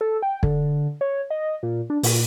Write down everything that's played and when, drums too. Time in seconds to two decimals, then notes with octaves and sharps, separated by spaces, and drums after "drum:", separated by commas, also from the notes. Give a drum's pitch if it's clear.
0.01 A4
0.22 G5
0.43 D3, drum: kick
1.01 C#5
1.30 D#5
1.63 A#2
1.90 D4
2.03 A#2, drum: open hi-hat